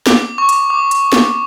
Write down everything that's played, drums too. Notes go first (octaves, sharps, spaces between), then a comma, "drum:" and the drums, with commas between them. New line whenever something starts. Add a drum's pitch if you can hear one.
D6, drum: snare
C#6
drum: hi-hat
D6
drum: hi-hat
drum: snare